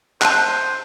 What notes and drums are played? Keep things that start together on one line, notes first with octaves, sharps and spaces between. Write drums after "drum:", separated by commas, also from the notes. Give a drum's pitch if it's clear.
C5 A5 F#6, drum: clap